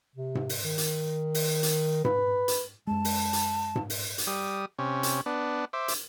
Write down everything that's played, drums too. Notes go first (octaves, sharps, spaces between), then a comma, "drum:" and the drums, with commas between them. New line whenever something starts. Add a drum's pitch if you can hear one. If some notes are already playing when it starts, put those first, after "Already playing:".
C3
drum: tom G#2
drum: open hi-hat
D#3
drum: hi-hat
drum: open hi-hat
drum: hi-hat
B4, drum: tom G#2
drum: hi-hat
F#2 G#3 A5
drum: open hi-hat
drum: hi-hat
drum: tom G#2
drum: open hi-hat
drum: hi-hat
G3 D#6
C3 C#4
drum: hi-hat
B3 D4
C5 E5 D6
drum: hi-hat